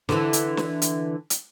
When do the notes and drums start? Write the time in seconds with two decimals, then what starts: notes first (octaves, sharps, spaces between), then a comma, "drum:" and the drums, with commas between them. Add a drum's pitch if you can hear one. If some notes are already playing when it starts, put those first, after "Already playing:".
0.09 D3 E3, drum: snare
0.33 drum: hi-hat
0.57 drum: snare
0.82 drum: hi-hat
1.30 drum: hi-hat